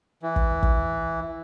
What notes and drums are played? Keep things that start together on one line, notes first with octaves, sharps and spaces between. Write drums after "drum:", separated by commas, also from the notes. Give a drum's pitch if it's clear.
E3
drum: kick
drum: kick